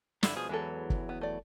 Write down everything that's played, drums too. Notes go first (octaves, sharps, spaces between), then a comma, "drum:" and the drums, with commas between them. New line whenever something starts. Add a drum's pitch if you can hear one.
G2 D3 E4, drum: snare
B2 F3 G#4
E2 E3 F#3 G#3 A4
drum: kick
B3
A3 D5